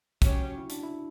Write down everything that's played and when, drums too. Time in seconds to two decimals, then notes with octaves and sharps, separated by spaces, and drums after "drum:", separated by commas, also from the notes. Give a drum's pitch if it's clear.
0.22 C#3 F#3 C#4 F#4 G4 C#5, drum: kick, hi-hat
0.58 E4
0.70 D4, drum: hi-hat
0.83 E4